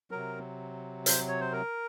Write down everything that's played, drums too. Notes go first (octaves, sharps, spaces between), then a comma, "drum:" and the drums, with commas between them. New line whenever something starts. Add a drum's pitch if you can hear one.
C3 F#3 A#4
C5, drum: hi-hat
C#5
C5
A#4